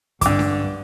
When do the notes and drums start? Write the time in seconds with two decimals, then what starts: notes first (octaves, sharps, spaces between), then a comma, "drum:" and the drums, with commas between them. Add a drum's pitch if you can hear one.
0.21 G2 D3 D6, drum: kick, hi-hat
0.39 drum: snare C#4